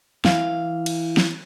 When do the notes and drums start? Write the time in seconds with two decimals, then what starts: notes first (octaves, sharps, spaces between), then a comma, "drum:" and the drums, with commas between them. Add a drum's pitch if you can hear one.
0.25 E3 F5, drum: snare
0.86 drum: cymbal
1.17 drum: snare